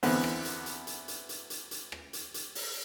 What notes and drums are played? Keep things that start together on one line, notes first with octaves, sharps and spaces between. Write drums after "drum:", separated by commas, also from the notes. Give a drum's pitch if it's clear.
E2 D3 B3 C4, drum: open hi-hat
drum: rim click
drum: hi-hat
drum: hi-hat
drum: hi-hat
drum: hi-hat
drum: hi-hat
drum: hi-hat
drum: hi-hat
drum: rim click
drum: hi-hat
drum: hi-hat
drum: open hi-hat